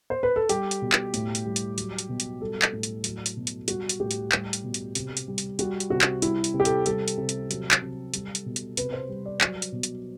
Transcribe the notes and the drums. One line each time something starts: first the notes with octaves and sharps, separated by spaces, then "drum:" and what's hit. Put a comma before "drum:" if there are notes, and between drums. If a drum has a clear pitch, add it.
C5
B4
A4
G3 G4, drum: hi-hat
drum: hi-hat
B2
drum: clap
A2, drum: hi-hat
drum: hi-hat
G3
drum: hi-hat
F#3, drum: hi-hat
drum: hi-hat
B2
drum: hi-hat
G3 A4
drum: clap
A2
drum: hi-hat
F#3, drum: hi-hat
drum: hi-hat
B2
drum: hi-hat
G3 F#4, drum: hi-hat
drum: hi-hat
A2 G4
drum: hi-hat
G3, drum: clap
drum: hi-hat
B2
drum: hi-hat
C3, drum: hi-hat
drum: hi-hat
G3
drum: hi-hat
G3 F#4, drum: hi-hat
drum: hi-hat
C3 F#4
drum: clap
G3 E4, drum: hi-hat
drum: hi-hat
C3
G4
A4, drum: hi-hat
G3 A4, drum: hi-hat
drum: hi-hat
C3
drum: hi-hat
F#3, drum: hi-hat
drum: clap
C3
G3, drum: hi-hat
drum: hi-hat
B2
drum: hi-hat
C3 B4, drum: hi-hat
C5
G3
D5
F#3, drum: clap
drum: hi-hat
B2
drum: hi-hat